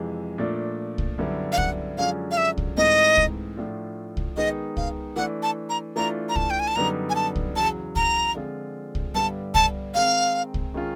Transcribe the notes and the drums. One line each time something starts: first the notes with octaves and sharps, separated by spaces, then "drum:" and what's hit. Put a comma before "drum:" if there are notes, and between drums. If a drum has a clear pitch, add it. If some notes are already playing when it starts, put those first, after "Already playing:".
Already playing: F2 C3 E3 G#3
A#2 F3 A3 D4
drum: kick C2
F#2 D3 G3 B3 E4
F5
F#5, drum: kick C2
F#2 D3 F3 G#3 C#4 F5
F5
E5
drum: kick C2
G#2 E3 A3 C4 D#4 D#5
drum: kick C2
A2 F3 A3 D4 F4
drum: kick C2
D#3 G#3 B3 D#4 D#5
F5, drum: kick C2
E3 A3 D4 F#5
A5
A#5
E3 A3 D4 F4 A#5
A#5
A5, drum: kick C2
G5
G#5
A5
F#2 D3 G3 B3 D#4 A#5
G#5
A5
drum: kick C2
E2 C#3 F#3 A5
A#5, drum: kick C2
D3 F3 G#3 C4 F4
drum: kick C2
G2 D3 G3 B3 A5
A5, drum: kick C2
D#3 G#3 C4 F5
drum: kick C2
D#3 G#3 C#4 F4